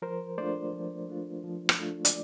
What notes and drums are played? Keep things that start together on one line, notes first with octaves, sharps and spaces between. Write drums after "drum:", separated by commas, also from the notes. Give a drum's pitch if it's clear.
F3 A#4 C5
A3 D4 F4 C5 D5
F3
A3 D4 F4
F3
drum: rim click
A3 D4 F4
D5, drum: hi-hat